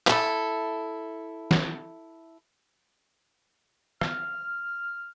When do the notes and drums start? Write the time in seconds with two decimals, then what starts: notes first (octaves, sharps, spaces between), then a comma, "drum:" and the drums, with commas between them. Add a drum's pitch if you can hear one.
0.07 E4 A4, drum: clap
1.51 drum: snare
4.01 F6, drum: rim click